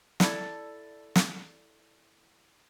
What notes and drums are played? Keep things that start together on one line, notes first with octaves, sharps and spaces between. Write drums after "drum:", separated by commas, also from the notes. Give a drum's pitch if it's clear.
E4 A4 D5 A5, drum: snare
drum: snare